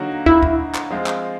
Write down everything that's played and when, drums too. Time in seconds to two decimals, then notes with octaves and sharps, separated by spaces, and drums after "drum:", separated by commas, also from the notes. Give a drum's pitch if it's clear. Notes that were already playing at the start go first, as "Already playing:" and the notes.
Already playing: D3 F#3 A#3 D#4 F#4
0.26 E4, drum: kick
0.43 drum: kick
0.74 drum: clap
0.90 F3 G#3 C4 F4
1.06 drum: clap